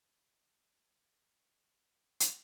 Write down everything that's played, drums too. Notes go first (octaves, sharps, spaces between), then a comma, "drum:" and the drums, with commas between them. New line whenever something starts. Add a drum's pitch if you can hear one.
F2 D#3
D#3 C5 G#5
drum: hi-hat